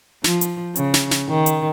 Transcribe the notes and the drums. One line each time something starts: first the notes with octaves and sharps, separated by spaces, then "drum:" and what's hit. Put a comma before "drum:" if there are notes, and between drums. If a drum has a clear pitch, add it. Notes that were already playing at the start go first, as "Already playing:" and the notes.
F3, drum: snare
drum: hi-hat
C#3, drum: hi-hat
drum: snare
drum: snare
D#3
drum: hi-hat